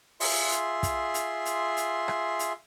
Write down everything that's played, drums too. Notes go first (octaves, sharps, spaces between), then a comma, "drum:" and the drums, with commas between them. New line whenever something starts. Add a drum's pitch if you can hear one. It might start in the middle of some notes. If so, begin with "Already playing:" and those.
F4 G#4 E5 C6, drum: open hi-hat
drum: hi-hat
drum: kick, hi-hat
drum: hi-hat
drum: hi-hat
drum: hi-hat
drum: rim click
drum: hi-hat